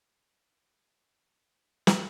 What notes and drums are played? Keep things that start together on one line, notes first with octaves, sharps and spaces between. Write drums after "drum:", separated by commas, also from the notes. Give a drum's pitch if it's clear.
G2 E3 G3 D5
D5
E2 D3 A3
D5
F#2 E3 A3
drum: snare